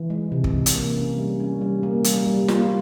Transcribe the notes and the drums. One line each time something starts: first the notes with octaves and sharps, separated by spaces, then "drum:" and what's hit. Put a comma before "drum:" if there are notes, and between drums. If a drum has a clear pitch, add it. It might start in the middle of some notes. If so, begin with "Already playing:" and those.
Already playing: E3
G#3
C3
drum: kick
E3
drum: hi-hat
A#3
C#4
G3
C#4
G3
A#3
G3, drum: hi-hat
G3
F4, drum: snare